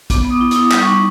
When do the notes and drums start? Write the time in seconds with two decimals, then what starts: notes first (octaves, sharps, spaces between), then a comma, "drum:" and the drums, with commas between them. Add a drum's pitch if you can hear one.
0.10 B3 D6, drum: kick, hi-hat
0.23 B3 D6
0.30 D#6
0.41 E4
0.51 E4 D#6, drum: hi-hat
0.72 G3 D6, drum: clap
0.81 C#6
0.87 D#4 D6